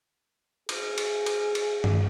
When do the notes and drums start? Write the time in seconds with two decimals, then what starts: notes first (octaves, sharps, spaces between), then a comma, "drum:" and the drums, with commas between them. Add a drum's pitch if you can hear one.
0.69 G#4, drum: cymbal
0.98 drum: cymbal
1.26 drum: cymbal
1.55 drum: cymbal
1.84 drum: tom